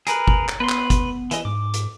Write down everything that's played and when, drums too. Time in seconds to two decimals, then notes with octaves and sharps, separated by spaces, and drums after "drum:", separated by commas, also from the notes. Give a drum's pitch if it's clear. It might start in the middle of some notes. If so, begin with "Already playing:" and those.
0.07 G#4 A#4 B4, drum: hi-hat
0.28 drum: kick G1
0.48 drum: clap
0.60 B3 B4 C6
0.69 drum: clap
0.90 drum: kick G1, hi-hat
1.31 E3 D#5, drum: hi-hat
1.45 G#2 D6
1.74 drum: hi-hat